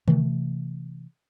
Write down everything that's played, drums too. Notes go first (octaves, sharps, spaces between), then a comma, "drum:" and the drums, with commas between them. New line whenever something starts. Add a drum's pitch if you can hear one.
C3 E3 A3, drum: tom D3